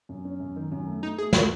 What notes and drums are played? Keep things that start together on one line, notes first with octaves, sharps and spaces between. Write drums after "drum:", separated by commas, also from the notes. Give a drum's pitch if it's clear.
F#2
C#4
F#2
D#3
F#2
A3
A3 D#4
A3 G#4
A3 F#4, drum: snare